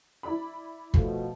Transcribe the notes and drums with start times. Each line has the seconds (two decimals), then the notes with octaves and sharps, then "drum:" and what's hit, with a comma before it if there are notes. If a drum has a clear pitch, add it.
0.23 E4 D5 B5
0.94 B2 F3 A3, drum: kick